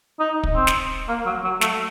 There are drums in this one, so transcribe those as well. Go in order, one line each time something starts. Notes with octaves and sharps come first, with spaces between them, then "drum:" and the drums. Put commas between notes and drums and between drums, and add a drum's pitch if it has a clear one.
D#4
drum: kick
C4
drum: snare
A#3
F#3
F#3
A3, drum: snare